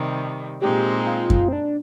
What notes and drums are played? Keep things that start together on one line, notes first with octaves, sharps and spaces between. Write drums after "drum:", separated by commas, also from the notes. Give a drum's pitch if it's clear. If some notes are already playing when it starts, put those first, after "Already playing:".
Already playing: C3 D#3 G3
A#2 G#3 C4 D#4 G4
F4
drum: kick F#2
C4
D4